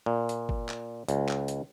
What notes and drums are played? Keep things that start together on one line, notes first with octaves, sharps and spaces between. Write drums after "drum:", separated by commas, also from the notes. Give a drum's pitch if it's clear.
A#2
drum: hi-hat
drum: kick G1
drum: clap
C#2, drum: hi-hat
drum: clap
drum: hi-hat